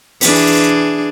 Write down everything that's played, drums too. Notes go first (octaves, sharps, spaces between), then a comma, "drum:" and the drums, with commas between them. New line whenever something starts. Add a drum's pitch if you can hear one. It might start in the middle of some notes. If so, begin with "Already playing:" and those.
E3 D4 G#4, drum: open hi-hat